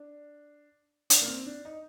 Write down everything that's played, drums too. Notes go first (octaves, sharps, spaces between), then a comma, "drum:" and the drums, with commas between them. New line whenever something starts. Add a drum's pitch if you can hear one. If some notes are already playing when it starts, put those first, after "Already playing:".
Already playing: D4
D4, drum: hi-hat
A#3
C4
D4
D#4